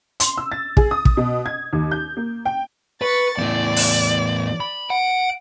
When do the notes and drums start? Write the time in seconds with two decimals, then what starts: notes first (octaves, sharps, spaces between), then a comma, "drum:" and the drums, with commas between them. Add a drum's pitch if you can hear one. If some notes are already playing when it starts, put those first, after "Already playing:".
0.20 C6, drum: hi-hat
0.37 E6
0.52 A6
0.77 G#4, drum: kick
0.91 D#6
1.05 drum: kick
1.17 B2
1.46 G#6
1.73 D#2
1.91 G6
2.17 A#3
2.45 G5
3.02 B4 C#6 A6
3.38 E2 A2 D5
3.76 drum: open hi-hat
4.60 B5
4.90 F#5 D7